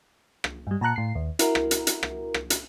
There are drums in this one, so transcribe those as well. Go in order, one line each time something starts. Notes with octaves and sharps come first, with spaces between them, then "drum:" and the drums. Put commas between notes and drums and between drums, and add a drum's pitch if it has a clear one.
drum: rim click
G2 G3
A#2 A5 A#5 F#6 C#7
A2 C7
D#2
E4 F#4 A#4, drum: hi-hat
drum: rim click
drum: hi-hat
drum: hi-hat
drum: rim click
drum: rim click
drum: hi-hat